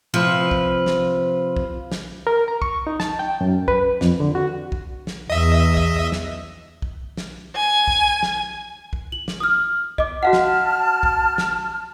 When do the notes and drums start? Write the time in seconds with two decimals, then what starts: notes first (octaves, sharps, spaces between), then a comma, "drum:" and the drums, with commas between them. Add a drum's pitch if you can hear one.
0.14 C3 F3 B4
0.51 drum: kick
0.86 drum: snare
1.56 drum: kick
1.92 drum: snare
2.27 A#4
2.48 A#5
2.62 C#6, drum: kick
2.87 D#4
3.00 A5, drum: snare
3.19 G5
3.41 F#2
3.68 B4, drum: kick
4.01 F2, drum: snare
4.20 D3
4.35 F#4
4.72 drum: kick
5.07 drum: snare
5.30 E2 D#5 E5
5.77 drum: kick
6.12 drum: snare
6.82 drum: kick
7.17 drum: snare
7.56 G#5
7.88 drum: kick
8.23 drum: snare
8.93 drum: kick
9.12 F#7
9.28 drum: snare
9.40 D#6 F6
9.98 D#5 D6, drum: kick
10.23 F#4 F5 F#5 A5 F6
10.33 drum: snare
11.03 drum: kick
11.38 drum: snare